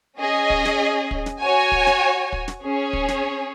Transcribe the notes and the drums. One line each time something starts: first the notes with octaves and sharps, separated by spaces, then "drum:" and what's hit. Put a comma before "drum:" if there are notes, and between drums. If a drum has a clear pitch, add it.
C#4 G#4 D#5
drum: kick
drum: snare
drum: kick
drum: snare
F#4 C#5 G#5
drum: kick
drum: snare
drum: kick
drum: snare
C#4 G#4 C#5
drum: kick
drum: snare